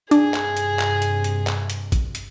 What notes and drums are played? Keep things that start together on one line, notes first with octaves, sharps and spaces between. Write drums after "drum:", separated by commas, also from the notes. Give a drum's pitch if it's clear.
G2 C3 D4 G#4, drum: hi-hat
drum: clap
drum: hi-hat
drum: clap
drum: hi-hat
drum: hi-hat
drum: clap
drum: hi-hat
drum: kick, hi-hat
drum: hi-hat